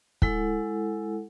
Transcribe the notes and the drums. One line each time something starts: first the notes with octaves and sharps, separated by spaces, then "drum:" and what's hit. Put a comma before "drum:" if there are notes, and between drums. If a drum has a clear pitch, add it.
G#3 E4 A4 F#5, drum: kick